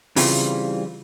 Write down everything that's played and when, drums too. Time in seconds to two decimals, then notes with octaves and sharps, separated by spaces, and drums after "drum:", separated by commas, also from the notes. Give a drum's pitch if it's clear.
0.16 C#3 E3 G3 C4 F4, drum: open hi-hat